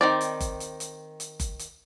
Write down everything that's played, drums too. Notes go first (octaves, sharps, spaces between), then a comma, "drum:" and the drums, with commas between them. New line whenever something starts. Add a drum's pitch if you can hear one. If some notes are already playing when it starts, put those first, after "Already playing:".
D#3 C4 D5
drum: hi-hat
drum: kick F#1, hi-hat
drum: hi-hat
drum: hi-hat
drum: hi-hat
drum: kick F#1, hi-hat
drum: hi-hat